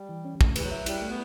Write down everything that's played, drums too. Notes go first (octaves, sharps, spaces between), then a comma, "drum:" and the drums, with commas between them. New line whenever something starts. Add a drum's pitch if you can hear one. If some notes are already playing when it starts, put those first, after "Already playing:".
Already playing: G3
E3
C#4
A3, drum: kick
E3 B4, drum: cymbal
F#3
E5
G3 E4, drum: cymbal
A3
B3